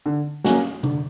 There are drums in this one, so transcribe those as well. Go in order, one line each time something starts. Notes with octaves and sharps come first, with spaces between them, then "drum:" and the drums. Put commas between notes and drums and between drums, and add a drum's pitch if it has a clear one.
D3
F#3 A#3 C#4 F#4, drum: snare
D3, drum: tom C3